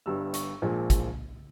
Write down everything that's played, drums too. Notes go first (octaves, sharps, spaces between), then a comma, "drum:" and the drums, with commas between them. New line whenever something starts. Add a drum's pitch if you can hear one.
G1 G2 G3 E6
C#6, drum: hi-hat
A#1 A#2 F3 G#3
drum: kick, hi-hat